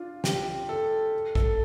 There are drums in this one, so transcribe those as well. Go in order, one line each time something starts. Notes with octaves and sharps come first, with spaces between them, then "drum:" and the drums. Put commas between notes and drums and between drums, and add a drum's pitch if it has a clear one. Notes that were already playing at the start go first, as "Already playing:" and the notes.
Already playing: D4 F4
G4, drum: snare
A4
A4, drum: kick